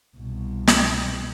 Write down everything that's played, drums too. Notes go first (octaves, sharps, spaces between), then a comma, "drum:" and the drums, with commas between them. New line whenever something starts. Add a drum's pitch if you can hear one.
C2 B2
drum: snare